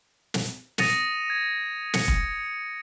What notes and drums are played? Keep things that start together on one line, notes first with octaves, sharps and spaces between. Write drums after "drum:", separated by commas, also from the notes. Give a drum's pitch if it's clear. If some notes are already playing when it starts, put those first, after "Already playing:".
drum: snare
D#6 A6 A#6 C#7 D#7 F7, drum: snare
G#6
C#7, drum: snare
drum: kick